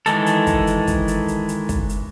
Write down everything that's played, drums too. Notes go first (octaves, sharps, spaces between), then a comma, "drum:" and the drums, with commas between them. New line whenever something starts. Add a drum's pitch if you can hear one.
D#3 E3 G#3 A4, drum: hi-hat
drum: hi-hat
drum: kick, hi-hat
drum: hi-hat
drum: kick, hi-hat
drum: hi-hat
drum: hi-hat
drum: hi-hat
drum: kick, hi-hat
drum: hi-hat